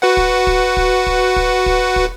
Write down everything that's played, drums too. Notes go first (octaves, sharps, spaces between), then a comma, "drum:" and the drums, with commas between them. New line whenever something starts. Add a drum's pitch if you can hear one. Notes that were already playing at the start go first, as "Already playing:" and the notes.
F#4 B4 F#5
drum: kick
drum: kick
drum: kick
drum: kick
drum: kick
drum: kick
drum: kick